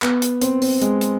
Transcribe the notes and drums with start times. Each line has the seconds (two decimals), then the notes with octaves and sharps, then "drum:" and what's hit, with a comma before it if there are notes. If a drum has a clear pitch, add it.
0.02 B3, drum: clap
0.22 drum: hi-hat
0.41 C4, drum: hi-hat
0.62 C4, drum: open hi-hat
0.82 G#3, drum: hi-hat
1.01 drum: hi-hat